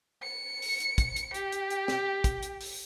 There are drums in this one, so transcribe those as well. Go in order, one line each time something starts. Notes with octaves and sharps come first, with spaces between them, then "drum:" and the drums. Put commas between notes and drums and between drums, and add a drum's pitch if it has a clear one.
C#7
drum: open hi-hat
drum: hi-hat
drum: kick, hi-hat
drum: hi-hat
G4, drum: hi-hat
drum: hi-hat
drum: hi-hat
drum: snare
drum: kick, hi-hat
drum: hi-hat
drum: open hi-hat